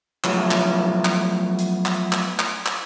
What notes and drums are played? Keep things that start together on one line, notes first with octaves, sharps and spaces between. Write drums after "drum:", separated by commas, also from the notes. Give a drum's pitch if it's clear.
F3 F#3 A3 B3 E4 C#5, drum: clap
drum: clap
drum: clap
drum: hi-hat
drum: clap
drum: clap
drum: clap
drum: clap